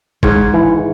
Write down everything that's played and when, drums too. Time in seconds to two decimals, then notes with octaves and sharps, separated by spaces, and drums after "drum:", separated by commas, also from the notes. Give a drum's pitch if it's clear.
0.23 G#2 C#5, drum: kick
0.54 E3